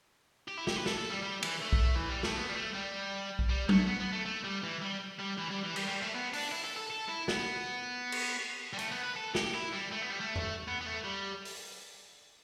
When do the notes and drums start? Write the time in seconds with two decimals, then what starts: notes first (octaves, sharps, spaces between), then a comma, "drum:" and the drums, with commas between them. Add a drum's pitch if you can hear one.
0.48 G4
0.57 E4
0.67 G4, drum: snare
0.76 B4
0.86 A4, drum: snare
0.98 A4
1.10 G3
1.23 G3
1.43 E3, drum: cymbal
1.61 A3
1.73 drum: kick B1
1.95 E3
2.09 G3
2.23 A3, drum: snare
2.36 B3
2.49 G3
2.56 A3
2.75 G3
3.39 drum: kick B1
3.49 G3
3.69 A3, drum: tom F#3
3.87 B3
4.00 B3
4.12 A3
4.25 A3
4.44 G3
4.63 E3
4.82 G3
5.19 G3
5.38 E3
5.51 G3
5.64 E3
5.76 G3, drum: cymbal
5.88 G3
6.02 A3
6.14 B3
6.33 D4, drum: open hi-hat
6.52 E4
6.65 A4
6.77 A4
6.90 A4
7.08 E4
7.28 B3, drum: snare
8.12 drum: cymbal
8.73 G3
8.79 A3, drum: hi-hat
8.91 B3
9.03 B4
9.16 A4
9.35 G4, drum: snare
9.55 E4
9.73 G3
9.92 A3
10.02 B3
10.10 G3
10.20 A3
10.36 drum: tom E2
10.68 B3
10.81 B3
10.86 A3
11.04 G3
11.45 drum: open hi-hat